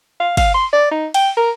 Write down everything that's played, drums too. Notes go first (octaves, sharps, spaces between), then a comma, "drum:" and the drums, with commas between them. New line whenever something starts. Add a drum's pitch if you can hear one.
F5
F5, drum: kick, cymbal
C6
D5
D#4
G5, drum: cymbal
A#4